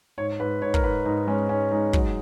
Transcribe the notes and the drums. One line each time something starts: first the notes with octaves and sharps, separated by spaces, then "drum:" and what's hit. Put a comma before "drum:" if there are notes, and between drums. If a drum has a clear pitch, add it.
G#2 C#5
G#2 B4
G#2 C#5
A#4, drum: kick
G#2 B4
G#2 D#4
G#3 C#4
G#2 C#4
G#3 D#4
F#3, drum: kick